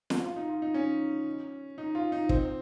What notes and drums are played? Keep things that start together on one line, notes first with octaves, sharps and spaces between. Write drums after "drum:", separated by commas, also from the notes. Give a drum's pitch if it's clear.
drum: snare
F4
D#4
F4
D#4
C#4
D#4
F4
D#4
C4, drum: kick